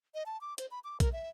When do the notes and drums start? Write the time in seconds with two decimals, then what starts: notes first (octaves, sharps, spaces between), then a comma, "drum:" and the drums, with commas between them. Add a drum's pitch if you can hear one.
0.15 D#5
0.26 A5
0.41 D6
0.58 C5, drum: hi-hat
0.71 B5
0.84 D6
1.00 A#4, drum: kick A#1, hi-hat
1.13 E5